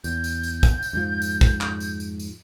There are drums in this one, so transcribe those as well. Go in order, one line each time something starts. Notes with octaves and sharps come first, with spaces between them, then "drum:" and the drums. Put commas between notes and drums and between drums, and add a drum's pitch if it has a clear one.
E2 G6, drum: tambourine
drum: tambourine
drum: tambourine
drum: kick, tambourine
drum: tambourine
F2 G#2 F3
drum: tambourine
drum: kick, tambourine
drum: clap
drum: tambourine
drum: tambourine
drum: tambourine